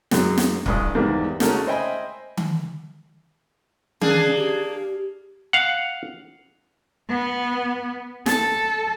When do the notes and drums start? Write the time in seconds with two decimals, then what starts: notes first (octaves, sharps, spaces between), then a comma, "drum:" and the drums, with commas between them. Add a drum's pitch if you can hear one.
0.11 F#2 F#3 G#3, drum: snare
0.38 drum: snare
0.66 A1 G2 D#6, drum: kick
0.95 E2 G#2 D#3 G3 A#3
1.40 G#3 A3 C#4 F#4 A#4, drum: snare
1.67 C5 D#5 E5 G5 G#5 B5
2.37 drum: tom D#3
4.01 A#3 C#4 D4 G#4, drum: tom D#3
4.37 G4
5.53 F5 F#5
7.09 B3
8.26 A4, drum: snare